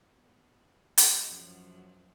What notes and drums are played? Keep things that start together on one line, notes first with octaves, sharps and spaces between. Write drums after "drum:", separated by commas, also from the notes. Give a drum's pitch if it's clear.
B3
G#3 F#4 G#4, drum: hi-hat
F#2 F3 F#3